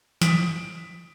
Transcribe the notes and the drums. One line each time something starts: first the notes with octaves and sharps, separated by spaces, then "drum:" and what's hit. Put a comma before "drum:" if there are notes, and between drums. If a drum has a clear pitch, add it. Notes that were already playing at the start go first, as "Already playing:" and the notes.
D#6 B6 D7, drum: snare